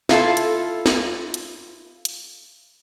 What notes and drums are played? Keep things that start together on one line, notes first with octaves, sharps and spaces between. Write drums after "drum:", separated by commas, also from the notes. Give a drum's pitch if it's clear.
E4 F4 A4, drum: snare
drum: hi-hat
drum: snare
drum: hi-hat
drum: hi-hat